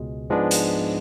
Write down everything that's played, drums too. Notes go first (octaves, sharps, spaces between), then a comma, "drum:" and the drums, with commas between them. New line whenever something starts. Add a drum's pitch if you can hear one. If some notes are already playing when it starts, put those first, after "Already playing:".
Already playing: C#2 B2 G#3
G#2 F3 G#3 B3 D4
drum: hi-hat